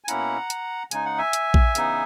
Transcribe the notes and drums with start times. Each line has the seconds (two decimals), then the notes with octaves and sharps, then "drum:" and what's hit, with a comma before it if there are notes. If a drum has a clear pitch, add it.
0.04 G#5
0.08 B2 A#3 C#4 E4 F#5 A#5, drum: hi-hat
0.50 drum: hi-hat
0.91 C#3 G#3 D#4 G#5, drum: hi-hat
1.05 F#5
1.18 E5 G#5
1.33 drum: hi-hat
1.54 drum: kick A#1
1.75 C#3 E3 B3 D#4, drum: hi-hat